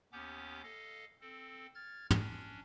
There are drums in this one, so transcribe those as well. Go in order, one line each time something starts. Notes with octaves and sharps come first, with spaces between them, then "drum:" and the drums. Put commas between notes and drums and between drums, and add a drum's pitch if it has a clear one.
D#2 B3 C#4 G4 D6 G6
A4 D#5 F5
C4 A4
F6 G#6 A6
C#4 D4, drum: tom